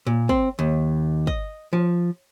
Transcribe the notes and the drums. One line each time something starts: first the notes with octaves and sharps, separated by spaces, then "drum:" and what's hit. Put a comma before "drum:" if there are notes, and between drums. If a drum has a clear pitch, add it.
A#2
C4, drum: kick
D#2
D#5, drum: kick
F3